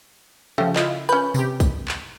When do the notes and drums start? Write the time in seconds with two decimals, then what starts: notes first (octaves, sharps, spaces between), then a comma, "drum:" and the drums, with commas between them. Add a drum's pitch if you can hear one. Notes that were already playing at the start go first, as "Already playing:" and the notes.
0.58 C#3 F3 A3 G4
0.76 E4 F4 D#5, drum: clap
1.09 C#4 B4 G6
1.34 C3 G4, drum: tambourine
1.60 drum: kick A#1, tambourine
1.88 drum: clap